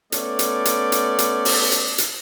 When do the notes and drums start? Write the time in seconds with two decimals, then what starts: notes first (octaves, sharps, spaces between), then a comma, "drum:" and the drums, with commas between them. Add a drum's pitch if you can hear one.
0.12 A3 B3 C#4 D5, drum: hi-hat
0.39 drum: hi-hat
0.65 drum: hi-hat
0.92 drum: hi-hat
1.19 drum: hi-hat
1.45 drum: open hi-hat
1.72 drum: hi-hat
1.98 drum: hi-hat